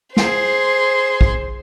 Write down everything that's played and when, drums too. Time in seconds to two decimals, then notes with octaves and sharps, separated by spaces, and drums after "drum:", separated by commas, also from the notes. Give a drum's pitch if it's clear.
0.17 G#4 C5 C6, drum: snare
1.21 drum: kick